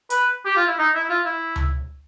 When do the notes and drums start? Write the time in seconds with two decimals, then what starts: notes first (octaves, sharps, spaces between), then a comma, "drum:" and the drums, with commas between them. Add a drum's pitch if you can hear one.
0.10 B4, drum: hi-hat
0.45 G4
0.56 F4
0.68 E4
0.78 D#4
0.94 E4
1.09 F4
1.25 E4
1.56 drum: tom C#2